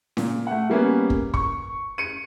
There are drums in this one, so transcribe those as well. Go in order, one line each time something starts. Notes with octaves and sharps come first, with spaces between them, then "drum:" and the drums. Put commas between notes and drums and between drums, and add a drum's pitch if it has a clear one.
A#2, drum: snare C#4
A3 F#5
G3 A#3 B3 C#4
drum: kick
C#6, drum: kick
C#7 D#7